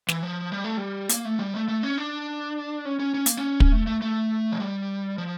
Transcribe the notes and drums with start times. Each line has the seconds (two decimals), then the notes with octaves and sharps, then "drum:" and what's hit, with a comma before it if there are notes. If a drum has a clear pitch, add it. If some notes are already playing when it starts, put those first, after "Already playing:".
0.08 E3, drum: snare
0.23 F3
0.52 G3
0.64 A3
0.77 G3
1.09 A#3, drum: hi-hat
1.25 A3
1.39 G3
1.54 A3
1.68 A3
1.83 C#4
1.98 D4
2.85 C#4
2.99 C#4
3.14 C#4
3.26 A#3, drum: hi-hat
3.37 C#4
3.60 drum: kick
3.72 A3
3.87 A3
4.02 A3
4.52 F3
4.60 G3
5.18 F3